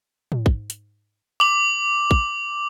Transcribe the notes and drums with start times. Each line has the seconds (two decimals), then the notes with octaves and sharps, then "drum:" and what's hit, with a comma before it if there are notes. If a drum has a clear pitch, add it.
0.32 drum: tom
0.46 drum: kick
0.70 drum: hi-hat
1.40 D6 F#7
2.11 drum: kick